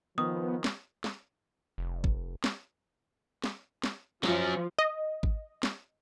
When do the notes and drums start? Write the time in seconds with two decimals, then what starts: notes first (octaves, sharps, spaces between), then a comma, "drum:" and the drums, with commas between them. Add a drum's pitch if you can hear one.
0.18 D#3 F3 B3 D#6
0.64 drum: snare
1.04 drum: snare
1.78 F1
2.04 drum: kick G#1
2.44 drum: snare
3.44 drum: snare
3.84 drum: snare
4.23 F3 F#3 C#4, drum: snare
4.79 D#5
5.23 drum: kick G#1
5.63 drum: snare